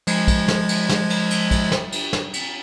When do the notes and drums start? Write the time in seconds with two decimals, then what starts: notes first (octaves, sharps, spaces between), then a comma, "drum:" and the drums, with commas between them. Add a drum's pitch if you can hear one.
0.07 F3 G#3 G#6, drum: cymbal
0.28 drum: kick, cymbal
0.48 drum: snare
0.69 drum: cymbal
0.89 drum: snare
1.10 drum: cymbal
1.31 drum: cymbal
1.51 drum: kick, cymbal
1.72 drum: snare
1.92 drum: cymbal
2.13 drum: snare
2.33 drum: cymbal